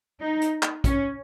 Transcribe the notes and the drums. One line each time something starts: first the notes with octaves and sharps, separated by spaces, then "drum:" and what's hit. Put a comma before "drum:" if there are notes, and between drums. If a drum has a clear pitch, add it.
D#4
drum: hi-hat
drum: clap
C#4, drum: kick, hi-hat